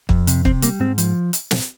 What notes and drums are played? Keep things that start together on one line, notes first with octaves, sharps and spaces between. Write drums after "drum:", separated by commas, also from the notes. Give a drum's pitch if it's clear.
F2, drum: kick
C3, drum: hi-hat
C3 C4, drum: kick
G3 A#3, drum: hi-hat
G#2 C4
F3, drum: hi-hat
drum: hi-hat
drum: snare